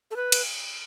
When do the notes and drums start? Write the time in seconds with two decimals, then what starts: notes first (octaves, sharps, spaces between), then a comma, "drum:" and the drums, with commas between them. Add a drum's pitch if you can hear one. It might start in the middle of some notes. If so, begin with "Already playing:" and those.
0.11 A4
0.16 B4
0.32 drum: cymbal